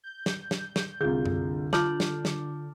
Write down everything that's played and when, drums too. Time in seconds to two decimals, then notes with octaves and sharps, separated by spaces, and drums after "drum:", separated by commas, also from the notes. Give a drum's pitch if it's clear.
0.04 G6
0.26 drum: snare
0.51 drum: snare
0.76 drum: snare
1.01 C2 D3 F4 G#4 G6
1.25 drum: tom F#2
1.73 F4 A5 D6 F6 G6 F#7, drum: snare
2.00 drum: snare
2.25 drum: snare